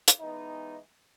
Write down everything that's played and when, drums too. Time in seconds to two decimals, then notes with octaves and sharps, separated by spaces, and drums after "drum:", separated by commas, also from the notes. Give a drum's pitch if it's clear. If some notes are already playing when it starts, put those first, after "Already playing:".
0.08 drum: hi-hat
0.19 E3 G#3 B3 D#4